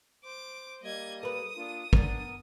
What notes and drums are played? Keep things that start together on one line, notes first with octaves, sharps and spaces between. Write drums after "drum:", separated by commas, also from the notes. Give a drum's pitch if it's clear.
C5 D6
G3 A#3 D#5 G#6
A#4 B4 D#6
A#3 D4 F4
A#3 B3 D4 A#4, drum: kick